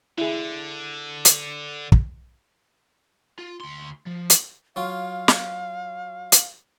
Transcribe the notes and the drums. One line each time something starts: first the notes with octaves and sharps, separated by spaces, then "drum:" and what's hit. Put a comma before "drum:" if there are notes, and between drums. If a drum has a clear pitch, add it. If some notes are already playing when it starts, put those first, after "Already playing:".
D3 E4 G#4
drum: hi-hat
drum: kick
F4
D2 C6
F3
drum: hi-hat
F#3 F4 F5
drum: snare
drum: hi-hat